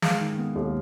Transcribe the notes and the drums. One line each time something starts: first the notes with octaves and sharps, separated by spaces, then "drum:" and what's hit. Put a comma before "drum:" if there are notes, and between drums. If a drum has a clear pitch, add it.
G#3 F5, drum: snare
D#3
B3
D#2